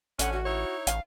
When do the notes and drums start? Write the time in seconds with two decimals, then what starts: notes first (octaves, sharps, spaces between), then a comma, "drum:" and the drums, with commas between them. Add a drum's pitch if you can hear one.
0.19 A1 D3 C#4 F#5, drum: hi-hat
0.33 F#4
0.45 D#4 E4 C#5
0.87 A1 F5, drum: hi-hat